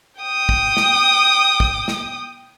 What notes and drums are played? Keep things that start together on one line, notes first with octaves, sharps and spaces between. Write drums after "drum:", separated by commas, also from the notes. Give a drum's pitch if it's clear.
G5 D#6
drum: kick
drum: snare
drum: kick
drum: snare